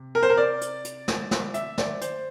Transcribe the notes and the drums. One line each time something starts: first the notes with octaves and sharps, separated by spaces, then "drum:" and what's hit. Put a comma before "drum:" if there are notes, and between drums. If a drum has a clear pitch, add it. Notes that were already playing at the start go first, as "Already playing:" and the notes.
Already playing: C3
A#4
C5
A#4
D5
drum: hi-hat
drum: hi-hat
drum: snare
drum: snare
E5, drum: hi-hat
D5, drum: snare
C5, drum: hi-hat